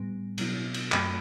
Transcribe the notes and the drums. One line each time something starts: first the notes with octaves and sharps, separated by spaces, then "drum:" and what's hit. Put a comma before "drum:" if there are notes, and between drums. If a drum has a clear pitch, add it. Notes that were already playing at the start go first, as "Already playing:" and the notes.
Already playing: A2 G3 B3
B2 F#3 B3 E4, drum: cymbal
drum: cymbal
F#2 F#3 A3 B5 D6, drum: clap